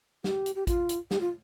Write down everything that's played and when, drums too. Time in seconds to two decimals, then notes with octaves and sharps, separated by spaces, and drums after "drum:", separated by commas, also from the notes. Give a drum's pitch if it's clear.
0.24 G4, drum: snare
0.46 drum: hi-hat
0.55 G4
0.67 F4, drum: kick A1, hi-hat
0.89 drum: hi-hat
1.11 G4, drum: snare
1.21 F4